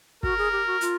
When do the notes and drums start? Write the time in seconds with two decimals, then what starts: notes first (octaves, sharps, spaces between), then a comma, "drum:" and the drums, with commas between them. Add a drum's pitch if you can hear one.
0.23 F#4 A#4, drum: kick
0.38 G#4
0.52 G4
0.67 F#4
0.81 F4, drum: hi-hat